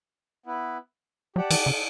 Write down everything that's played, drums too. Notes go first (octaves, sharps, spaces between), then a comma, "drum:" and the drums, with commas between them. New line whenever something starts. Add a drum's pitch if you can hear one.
B3 E4 B4
F#3 G4 D5 F#5 A5
E3, drum: cymbal
C#3